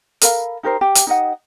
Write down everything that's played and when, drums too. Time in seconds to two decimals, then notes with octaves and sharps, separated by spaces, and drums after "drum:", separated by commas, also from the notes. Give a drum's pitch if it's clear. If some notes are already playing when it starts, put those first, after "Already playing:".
0.21 A4 A#4 F5 B5, drum: hi-hat
0.63 D#4 G4 A#4 C5
0.81 G4
0.95 drum: hi-hat
1.07 D#4 G4 D#5 F#5